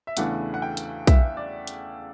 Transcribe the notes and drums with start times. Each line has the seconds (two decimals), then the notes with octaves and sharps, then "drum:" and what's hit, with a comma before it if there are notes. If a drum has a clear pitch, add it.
0.07 E5
0.17 E2 C#3 E3 A3 D4 F#5, drum: hi-hat
0.54 F#5
0.62 G5
0.77 drum: hi-hat
1.07 E5, drum: kick, hi-hat
1.37 D5
1.67 drum: hi-hat